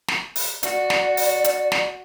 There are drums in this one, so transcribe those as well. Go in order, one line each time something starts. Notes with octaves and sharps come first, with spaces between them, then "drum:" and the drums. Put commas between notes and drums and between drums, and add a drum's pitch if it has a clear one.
drum: snare
drum: open hi-hat
F#4 D5, drum: hi-hat
drum: snare
drum: open hi-hat
drum: hi-hat
drum: snare